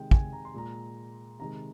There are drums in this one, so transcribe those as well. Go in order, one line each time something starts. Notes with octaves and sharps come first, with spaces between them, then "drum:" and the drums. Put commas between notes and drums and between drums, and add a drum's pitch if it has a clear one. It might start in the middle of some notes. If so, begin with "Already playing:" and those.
Already playing: C3 D#3 G#3 G5
G#5, drum: kick
A#5
C6
A#2 G#3 A#5
C3 D#3 G#3 A#5